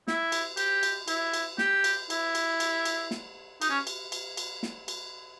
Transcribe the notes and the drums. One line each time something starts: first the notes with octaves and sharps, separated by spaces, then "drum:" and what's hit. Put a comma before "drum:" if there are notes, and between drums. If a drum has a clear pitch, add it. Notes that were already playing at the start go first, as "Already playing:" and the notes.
E4, drum: snare
drum: cymbal
G4, drum: cymbal
drum: cymbal
E4, drum: cymbal
drum: cymbal
G4, drum: snare
drum: cymbal
E4, drum: cymbal
drum: cymbal
drum: cymbal
drum: cymbal
drum: snare
D#4, drum: cymbal
C#4
drum: cymbal
drum: cymbal
drum: cymbal
drum: snare
drum: cymbal